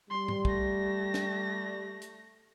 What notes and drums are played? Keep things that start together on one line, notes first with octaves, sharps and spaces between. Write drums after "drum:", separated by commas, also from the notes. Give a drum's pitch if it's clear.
G3 C6
drum: tom G#2
A3 A#6, drum: kick
drum: snare
drum: hi-hat